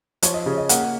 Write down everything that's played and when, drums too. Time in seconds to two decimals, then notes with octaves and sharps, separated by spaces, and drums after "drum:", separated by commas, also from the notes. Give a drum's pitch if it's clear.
0.22 F3 C#5, drum: hi-hat
0.34 D#5
0.46 C#3 C#5
0.58 D#5
0.69 A#3 F#5, drum: hi-hat